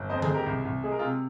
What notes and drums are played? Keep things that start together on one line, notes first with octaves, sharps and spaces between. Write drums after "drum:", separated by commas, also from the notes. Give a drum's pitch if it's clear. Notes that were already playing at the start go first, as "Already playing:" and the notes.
Already playing: G1
F2 C5 D#5
G#4 C5, drum: tom D3
G#3
G4 A#4
C2
C2
G#3 G#4
A#4
F4 G#4
C3